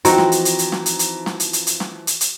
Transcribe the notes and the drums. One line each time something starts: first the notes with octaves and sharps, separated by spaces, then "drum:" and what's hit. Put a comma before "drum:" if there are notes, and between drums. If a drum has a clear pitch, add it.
E3 F3 C4 D#4 F#4 A#5, drum: hi-hat
drum: snare
drum: hi-hat
drum: hi-hat
drum: hi-hat
drum: snare
drum: hi-hat
drum: hi-hat
drum: snare
drum: hi-hat
drum: hi-hat
drum: hi-hat
drum: snare
drum: hi-hat
drum: hi-hat